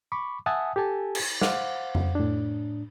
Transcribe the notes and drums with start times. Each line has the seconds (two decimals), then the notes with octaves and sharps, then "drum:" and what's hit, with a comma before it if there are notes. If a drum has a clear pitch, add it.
0.12 B5 C#6 D6
0.46 E5 F#5 G#5 A5 D#6
0.76 G4 A4 G#5 A5
1.15 drum: cymbal
1.41 C5 F5 F#5 D6, drum: snare
1.95 drum: tom F2
2.15 A2 D4